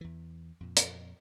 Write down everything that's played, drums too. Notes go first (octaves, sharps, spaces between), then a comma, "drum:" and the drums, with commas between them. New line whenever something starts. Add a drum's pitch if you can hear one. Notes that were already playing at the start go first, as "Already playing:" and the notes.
E2 E3
F2 A#2
drum: hi-hat